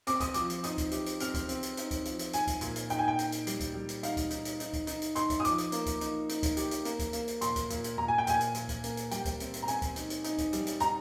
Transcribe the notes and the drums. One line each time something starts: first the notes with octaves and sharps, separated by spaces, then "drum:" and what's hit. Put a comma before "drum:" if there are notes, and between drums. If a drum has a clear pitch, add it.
C4 D6, drum: hi-hat
D#6, drum: kick, hi-hat
F3 D6, drum: hi-hat
drum: hi-hat
D#4 D#6, drum: hi-hat
drum: kick, hi-hat
G4, drum: hi-hat
drum: hi-hat
C4 F6, drum: hi-hat
drum: kick, hi-hat
C4, drum: hi-hat
drum: hi-hat
D#4, drum: hi-hat
drum: kick, hi-hat
F3, drum: hi-hat
drum: hi-hat
D#4 G#5, drum: hi-hat
drum: kick, hi-hat
A#2, drum: hi-hat
drum: hi-hat
D#4 G5, drum: hi-hat
G#5
G5
D#4, drum: hi-hat
drum: hi-hat
G3, drum: hi-hat
drum: kick, hi-hat
G3
drum: hi-hat
D#4 F5, drum: hi-hat
drum: kick, hi-hat
D#4, drum: hi-hat
drum: hi-hat
D#4, drum: hi-hat
drum: kick, hi-hat
D#4, drum: hi-hat
drum: hi-hat
D#4 C6, drum: hi-hat
drum: kick, hi-hat
D#6
F3 D6, drum: hi-hat
drum: hi-hat
A#3, drum: hi-hat
drum: kick, hi-hat
D#4, drum: hi-hat
D#4, drum: hi-hat
drum: kick, hi-hat
G4, drum: hi-hat
drum: hi-hat
A#3, drum: hi-hat
drum: kick, hi-hat
A#3, drum: hi-hat
drum: hi-hat
A#2 C6, drum: hi-hat
drum: kick, hi-hat
A#2, drum: hi-hat
drum: hi-hat
A#2 A#5
G#5
G5
A#2 G#5, drum: hi-hat
drum: hi-hat
A#2, drum: hi-hat
drum: kick, hi-hat
A#3, drum: hi-hat
drum: hi-hat
G3 G5, drum: hi-hat
drum: kick, hi-hat
C4, drum: hi-hat
drum: hi-hat
A#5
C4 G#5, drum: hi-hat
drum: kick, hi-hat
D#4, drum: hi-hat
drum: hi-hat
D#4, drum: hi-hat
drum: kick, hi-hat
G3, drum: hi-hat
drum: hi-hat
D#4 A#5, drum: hi-hat